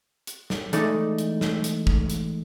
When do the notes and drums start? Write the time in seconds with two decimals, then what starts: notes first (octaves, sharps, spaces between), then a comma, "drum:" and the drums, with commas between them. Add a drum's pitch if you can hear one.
0.27 drum: hi-hat
0.50 drum: snare
0.73 E3 G#3 A3 D#4 A4 D5, drum: hi-hat
1.18 drum: hi-hat
1.41 drum: snare
1.64 drum: hi-hat
1.87 drum: kick
2.10 drum: hi-hat